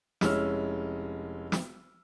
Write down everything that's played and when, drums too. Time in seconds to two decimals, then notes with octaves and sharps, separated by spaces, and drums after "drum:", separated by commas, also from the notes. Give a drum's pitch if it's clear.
0.21 F1 G#3 C#4 E4 E6 F6, drum: snare
1.52 drum: snare